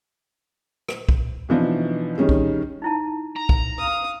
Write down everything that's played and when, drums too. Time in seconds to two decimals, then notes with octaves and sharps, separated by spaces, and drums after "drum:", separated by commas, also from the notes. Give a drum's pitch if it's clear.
0.89 drum: rim click
1.09 drum: kick
1.49 B2 E3 F3 D4 D#4
2.18 D#3 G3 C#4 G#4
2.29 drum: kick
2.82 D#4 E4 A5
3.36 A#5
3.49 drum: kick
3.78 F5 D#6